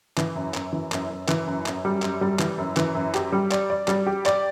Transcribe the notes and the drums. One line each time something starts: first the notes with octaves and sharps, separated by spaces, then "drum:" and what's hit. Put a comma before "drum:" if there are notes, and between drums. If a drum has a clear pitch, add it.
E3, drum: clap
F#2
F#2, drum: clap
E3
F#2, drum: clap
F#2
E3, drum: clap
F#2
F#2, drum: clap
G3
F#2, drum: clap
G3
E3, drum: clap
F#2
E3, drum: clap
F#2
G4, drum: clap
G3
D5, drum: clap
D5
G3, drum: clap
G4
D5, drum: clap